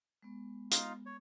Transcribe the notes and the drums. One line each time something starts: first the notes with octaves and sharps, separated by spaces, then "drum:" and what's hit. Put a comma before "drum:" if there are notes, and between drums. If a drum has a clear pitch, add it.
G#3 B3
D#4 F4 F5, drum: hi-hat
C#5